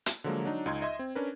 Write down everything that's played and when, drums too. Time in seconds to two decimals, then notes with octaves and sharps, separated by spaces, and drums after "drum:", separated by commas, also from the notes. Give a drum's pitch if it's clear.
0.06 drum: hi-hat
0.24 D3 F3 F#3 G#3 A#3
0.44 F#3 D4 D#4
0.66 C#2 D#4 C6 G#6
0.82 D#5 E5 C6
0.99 C4
1.15 C#4 D4 A#4 B4